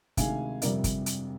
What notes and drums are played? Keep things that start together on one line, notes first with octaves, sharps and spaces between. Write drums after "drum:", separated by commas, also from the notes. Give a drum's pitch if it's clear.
D2 C3 D#3 G#3 F5 G#5, drum: kick, hi-hat
G1 F2 C3 G3 A#4 D5, drum: hi-hat
drum: kick, hi-hat
drum: hi-hat